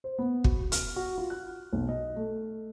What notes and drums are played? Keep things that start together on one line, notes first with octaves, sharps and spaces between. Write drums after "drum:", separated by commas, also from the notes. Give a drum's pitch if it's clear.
C5
B3
F#4, drum: kick
F6, drum: hi-hat
F#4
F4
F#6
B1
D#5
A3